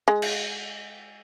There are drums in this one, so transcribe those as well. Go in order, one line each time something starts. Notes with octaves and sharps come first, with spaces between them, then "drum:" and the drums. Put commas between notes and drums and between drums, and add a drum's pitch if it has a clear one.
G#3
drum: cymbal